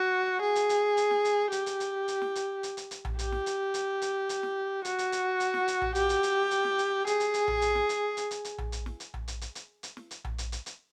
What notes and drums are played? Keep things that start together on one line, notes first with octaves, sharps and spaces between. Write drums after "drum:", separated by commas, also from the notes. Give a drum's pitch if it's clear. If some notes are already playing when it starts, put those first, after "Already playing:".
Already playing: F#4
G#4
drum: hi-hat
drum: hi-hat
drum: hi-hat
drum: snare
drum: hi-hat
G4, drum: hi-hat
drum: hi-hat
drum: hi-hat
drum: hi-hat
drum: snare
drum: hi-hat
drum: hi-hat
drum: hi-hat
drum: hi-hat
drum: tom A#1
G4, drum: hi-hat
drum: snare
drum: hi-hat
drum: hi-hat
drum: hi-hat
drum: hi-hat
drum: snare
F#4, drum: hi-hat
drum: hi-hat
drum: hi-hat
drum: hi-hat
drum: snare
drum: hi-hat
drum: tom A#1
G4, drum: hi-hat
drum: hi-hat
drum: hi-hat
drum: hi-hat
drum: snare
drum: hi-hat
G#4, drum: hi-hat
drum: hi-hat
drum: hi-hat
drum: tom A#1
drum: hi-hat
drum: snare
drum: hi-hat
drum: hi-hat
drum: hi-hat
drum: hi-hat
drum: tom A#1
drum: hi-hat
drum: snare
drum: hi-hat
drum: tom A#1
drum: hi-hat
drum: hi-hat
drum: hi-hat
drum: hi-hat
drum: snare
drum: hi-hat
drum: tom A#1
drum: hi-hat
drum: hi-hat
drum: hi-hat